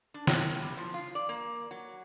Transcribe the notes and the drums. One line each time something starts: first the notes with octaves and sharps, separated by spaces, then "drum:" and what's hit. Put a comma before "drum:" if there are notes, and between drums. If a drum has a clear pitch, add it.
D4
A#4, drum: snare
G3
F3
F4
D5
A#3
F#3